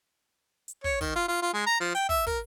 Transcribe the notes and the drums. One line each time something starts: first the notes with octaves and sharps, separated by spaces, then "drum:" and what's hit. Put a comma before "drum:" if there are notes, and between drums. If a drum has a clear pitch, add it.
drum: hi-hat
C#5, drum: kick
D#3, drum: kick, open hi-hat
F4
F4
F4
G#3
A#5
F3
G5, drum: hi-hat
E5, drum: kick
A#4, drum: kick, open hi-hat